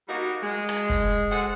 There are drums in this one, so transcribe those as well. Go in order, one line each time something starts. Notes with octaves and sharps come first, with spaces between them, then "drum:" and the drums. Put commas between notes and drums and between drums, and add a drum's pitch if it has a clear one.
G3 A#3 D#4 F#4
G#3
drum: rim click
drum: kick, hi-hat
drum: hi-hat
G#4 A4 C5 F#5, drum: hi-hat